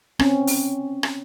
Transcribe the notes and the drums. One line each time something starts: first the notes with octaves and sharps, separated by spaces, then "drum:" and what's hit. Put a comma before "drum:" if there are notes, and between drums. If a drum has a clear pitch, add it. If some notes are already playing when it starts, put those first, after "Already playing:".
C4 C#4, drum: rim click
drum: open hi-hat
drum: rim click